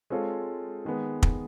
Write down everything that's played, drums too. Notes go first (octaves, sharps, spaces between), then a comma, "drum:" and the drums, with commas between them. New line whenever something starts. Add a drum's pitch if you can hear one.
G#3 C4 F4 A4 C#5
D#3 G#3 B3
drum: kick